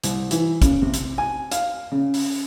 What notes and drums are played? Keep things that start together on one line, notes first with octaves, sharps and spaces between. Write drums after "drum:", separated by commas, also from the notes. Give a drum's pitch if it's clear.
C2, drum: hi-hat
E3, drum: hi-hat
C#3, drum: kick, hi-hat
C3
drum: hi-hat
G#5
F5, drum: hi-hat
C#3
drum: open hi-hat